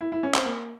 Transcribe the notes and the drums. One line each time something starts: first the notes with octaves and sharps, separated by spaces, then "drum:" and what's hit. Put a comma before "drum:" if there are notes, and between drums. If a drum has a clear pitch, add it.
E4
E4
C#4
C4, drum: clap
A#3